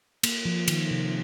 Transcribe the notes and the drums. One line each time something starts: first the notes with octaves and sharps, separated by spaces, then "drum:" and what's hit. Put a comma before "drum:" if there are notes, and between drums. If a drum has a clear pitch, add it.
A#3, drum: cymbal
F3
D#3, drum: cymbal
C3